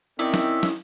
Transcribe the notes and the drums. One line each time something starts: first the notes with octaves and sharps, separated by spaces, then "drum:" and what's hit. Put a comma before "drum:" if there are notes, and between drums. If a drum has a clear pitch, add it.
D#3 C4 C#4 E4 D5 E5
drum: snare
drum: snare